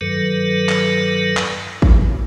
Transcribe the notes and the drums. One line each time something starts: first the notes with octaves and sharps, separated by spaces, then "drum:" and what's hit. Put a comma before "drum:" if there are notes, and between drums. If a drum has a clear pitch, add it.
G2 D#3 F#3 A4 B4
drum: clap
drum: clap
drum: kick